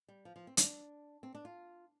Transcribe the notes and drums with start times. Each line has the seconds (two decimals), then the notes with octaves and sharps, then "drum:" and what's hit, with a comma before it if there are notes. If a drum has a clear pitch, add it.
0.08 G3
0.25 F3
0.36 F3
0.47 C4
0.57 D4, drum: hi-hat
1.23 C4
1.35 D4
1.45 F4